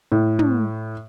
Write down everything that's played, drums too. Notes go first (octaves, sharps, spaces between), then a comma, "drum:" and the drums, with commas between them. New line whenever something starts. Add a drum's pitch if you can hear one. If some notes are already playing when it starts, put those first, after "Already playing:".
A2
drum: tom